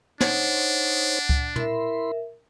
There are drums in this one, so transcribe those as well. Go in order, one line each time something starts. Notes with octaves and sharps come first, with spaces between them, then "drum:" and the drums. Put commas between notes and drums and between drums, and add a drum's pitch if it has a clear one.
D4 D#4 C5 C#5 F#5, drum: snare
drum: kick C#2
E4 A#4 E5 B5 C6, drum: tom